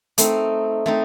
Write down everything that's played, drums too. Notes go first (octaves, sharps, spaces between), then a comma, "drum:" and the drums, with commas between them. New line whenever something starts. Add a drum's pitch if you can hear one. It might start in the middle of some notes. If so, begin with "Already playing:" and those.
A3 C4 D#4, drum: hi-hat
A3 C4 D#4